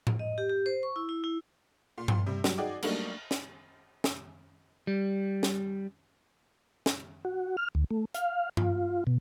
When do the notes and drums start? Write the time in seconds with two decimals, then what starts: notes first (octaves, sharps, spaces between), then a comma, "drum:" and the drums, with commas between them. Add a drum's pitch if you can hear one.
0.07 drum: tom A2
0.19 D#5
0.38 G4
0.50 G4
0.66 C5
0.83 C#6
0.96 E4
1.09 E4
1.24 E4
1.98 A#2
2.08 drum: tom G2
2.27 C3 G3
2.44 F#3 G3, drum: snare
2.58 D#4 F#4 G#4 D5 G5 D6
2.82 F#3 G3 A3 A#3 D4 D#4, drum: cymbal
3.31 drum: snare
4.04 drum: snare
4.87 G3
5.43 drum: snare
6.86 drum: snare
7.25 F#4
7.57 F6
7.75 D2
7.91 A3
8.14 F5, drum: hi-hat
8.57 F4, drum: tom G2
9.07 B2